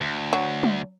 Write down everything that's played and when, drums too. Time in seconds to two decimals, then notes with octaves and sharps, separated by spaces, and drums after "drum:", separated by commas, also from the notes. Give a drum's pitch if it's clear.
0.01 D2
0.33 F#3
0.63 drum: tom